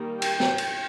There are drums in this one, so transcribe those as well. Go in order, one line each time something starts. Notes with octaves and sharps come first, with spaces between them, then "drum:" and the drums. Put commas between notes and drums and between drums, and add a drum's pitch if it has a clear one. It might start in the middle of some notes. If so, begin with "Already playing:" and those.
Already playing: D#3 G3 A#3
G5, drum: cymbal
drum: snare
drum: cymbal